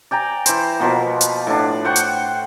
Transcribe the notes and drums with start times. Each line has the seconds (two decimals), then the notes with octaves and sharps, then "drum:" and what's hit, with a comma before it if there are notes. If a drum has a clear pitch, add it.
0.11 D5 G5 G#5 A#5
0.46 E3 C5, drum: hi-hat
0.80 B2 F3 A#3 B3
1.21 drum: hi-hat
1.47 A2 D4
1.85 C5 F#5 G5 C#6
1.96 drum: hi-hat